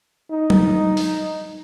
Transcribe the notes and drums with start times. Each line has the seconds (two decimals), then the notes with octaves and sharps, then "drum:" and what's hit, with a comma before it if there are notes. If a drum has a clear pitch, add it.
0.31 D#4
0.50 drum: tom F#3
0.97 drum: open hi-hat